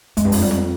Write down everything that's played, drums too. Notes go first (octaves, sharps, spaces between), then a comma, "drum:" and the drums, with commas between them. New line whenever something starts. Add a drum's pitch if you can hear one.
F2 G#3, drum: hi-hat
G2
F2, drum: open hi-hat
G3
drum: snare